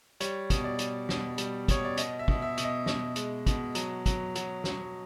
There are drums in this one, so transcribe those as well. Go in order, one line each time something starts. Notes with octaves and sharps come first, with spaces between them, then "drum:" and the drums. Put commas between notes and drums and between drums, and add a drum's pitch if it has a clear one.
G3 C#5, drum: hi-hat
B2, drum: kick, hi-hat
D5
G3, drum: hi-hat
B2, drum: snare
G3, drum: hi-hat
B2 C#5, drum: kick, hi-hat
D5
B2 D#5, drum: hi-hat
E5
B2, drum: kick
E5
B2, drum: hi-hat
D#5
B2 D#5, drum: snare
G#3, drum: hi-hat
B2, drum: kick, hi-hat
F#3, drum: hi-hat
F#3, drum: kick, hi-hat
F#3, drum: hi-hat
F#3, drum: snare